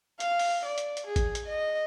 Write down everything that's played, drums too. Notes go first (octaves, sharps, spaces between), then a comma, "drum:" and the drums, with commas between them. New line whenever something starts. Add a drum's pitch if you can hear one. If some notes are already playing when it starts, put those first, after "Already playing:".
F5, drum: hi-hat
drum: open hi-hat
D5
drum: hi-hat
drum: hi-hat
G#4
drum: kick A1, hi-hat
drum: hi-hat
D#5